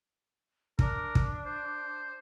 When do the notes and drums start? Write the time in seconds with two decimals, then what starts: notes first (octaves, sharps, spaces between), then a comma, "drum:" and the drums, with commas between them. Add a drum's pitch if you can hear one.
0.79 D4 A#4, drum: kick
1.15 drum: kick
1.46 C5